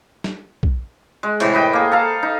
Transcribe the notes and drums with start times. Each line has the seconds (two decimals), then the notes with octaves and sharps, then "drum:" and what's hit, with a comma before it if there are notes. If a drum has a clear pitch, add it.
0.24 drum: snare
0.63 drum: kick B1
1.23 G#3
1.40 A2 C3 E3, drum: cymbal
1.54 B4 D#5 G5
1.73 A#3 G#4
1.92 A4 F5 A#5
2.23 D#4